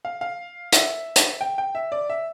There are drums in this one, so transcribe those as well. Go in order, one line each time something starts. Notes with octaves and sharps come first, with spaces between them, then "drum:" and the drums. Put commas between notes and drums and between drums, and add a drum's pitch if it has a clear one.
F5
F5
E5, drum: hi-hat
drum: hi-hat
G5
G5
E5
D5
E5